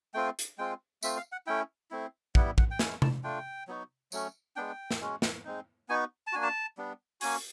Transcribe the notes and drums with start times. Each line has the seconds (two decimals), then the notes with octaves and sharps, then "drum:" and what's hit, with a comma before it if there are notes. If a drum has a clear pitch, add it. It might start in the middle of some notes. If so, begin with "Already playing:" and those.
0.14 A3 C4 F4 G5
0.39 drum: hi-hat
0.58 G#3 C4 F4 G5
1.03 A3 C4 F4 E5, drum: tambourine
1.17 F5
1.32 F#5
1.47 A3 C#4 E4 G5
1.91 A3 C4 E4
2.35 G3 B3 E4 F#5, drum: kick
2.58 F#5, drum: kick
2.71 G5
2.79 G#3 C#4 E4 G#5, drum: snare
3.02 A5, drum: tom C3
3.23 A3 D4 F4 G5
3.68 F#3 B3 D#4 F#4
4.12 F#3 A3 C#4, drum: tambourine
4.56 G#3 B3 D4 G5
4.91 drum: snare
5.00 G#3 C#4 F#4
5.22 drum: snare
5.45 G#3 C4 D#4
5.89 B3 D#4 F#4 G#5
6.27 A5
6.33 A#3 D4 F#4 G#5
6.43 A5
6.78 G3 B3 D4
7.21 A#3 C#4 F#4 G#5, drum: open hi-hat